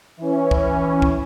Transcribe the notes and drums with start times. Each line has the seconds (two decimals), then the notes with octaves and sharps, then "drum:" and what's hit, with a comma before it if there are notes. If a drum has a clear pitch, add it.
0.17 E3 C#4
0.51 drum: kick
1.02 drum: kick